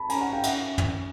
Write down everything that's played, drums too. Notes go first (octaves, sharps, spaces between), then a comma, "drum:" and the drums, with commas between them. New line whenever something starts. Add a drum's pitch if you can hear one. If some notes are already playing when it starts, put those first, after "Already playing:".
Already playing: A5 B5
C#4 G#5 A#5, drum: cymbal
F#5 G#5
F5 G5
C#4 E5 F#5, drum: cymbal
drum: tom